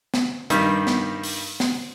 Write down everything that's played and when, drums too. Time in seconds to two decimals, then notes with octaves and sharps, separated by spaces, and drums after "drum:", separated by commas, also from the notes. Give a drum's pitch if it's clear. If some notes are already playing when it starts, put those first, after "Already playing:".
0.14 drum: snare
0.50 G2 D#3 G3, drum: hi-hat
0.87 drum: snare
1.23 drum: open hi-hat
1.60 drum: snare